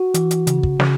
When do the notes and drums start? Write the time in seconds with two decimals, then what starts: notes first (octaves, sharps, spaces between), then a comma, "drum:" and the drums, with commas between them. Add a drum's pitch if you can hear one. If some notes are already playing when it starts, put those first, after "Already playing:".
Already playing: F#4
0.14 E3, drum: hi-hat
0.31 drum: hi-hat
0.47 C#3, drum: hi-hat
0.63 drum: kick
0.80 C#3, drum: snare